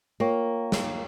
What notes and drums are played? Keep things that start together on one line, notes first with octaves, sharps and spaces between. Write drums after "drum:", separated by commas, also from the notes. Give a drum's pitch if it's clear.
A#3 F4 A#4 C#5 G5 C#6
drum: snare